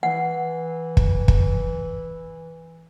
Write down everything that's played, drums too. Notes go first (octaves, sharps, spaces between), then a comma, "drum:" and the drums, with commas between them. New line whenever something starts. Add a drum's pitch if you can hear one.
E3 F#5
drum: kick
drum: kick